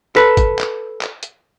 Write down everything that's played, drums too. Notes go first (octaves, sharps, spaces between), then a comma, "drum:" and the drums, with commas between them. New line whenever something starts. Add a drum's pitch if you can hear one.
A4 B4, drum: clap
drum: kick G#1, hi-hat
drum: clap
drum: clap
drum: hi-hat